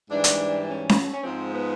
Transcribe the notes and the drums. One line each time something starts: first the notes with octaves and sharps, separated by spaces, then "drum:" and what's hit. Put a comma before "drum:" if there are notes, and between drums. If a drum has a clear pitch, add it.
G#2 E3 G3 D4
drum: hi-hat
C#4
drum: snare C#4
C#4
G#2 F3 G#3 C4
B3